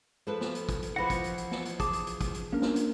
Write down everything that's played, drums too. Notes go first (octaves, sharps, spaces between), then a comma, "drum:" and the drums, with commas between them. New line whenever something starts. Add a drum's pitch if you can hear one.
F3 A4 B4
drum: snare
drum: hi-hat
drum: kick, hi-hat
drum: hi-hat
E3 F3 B4 F#5 B5 A#6
drum: kick, hi-hat
drum: hi-hat
drum: hi-hat
drum: snare
drum: hi-hat
G#4 A5 D6, drum: kick, hi-hat
drum: hi-hat
drum: hi-hat
drum: kick, hi-hat
drum: hi-hat
A#3 C#4 D4 A#4
drum: snare
drum: hi-hat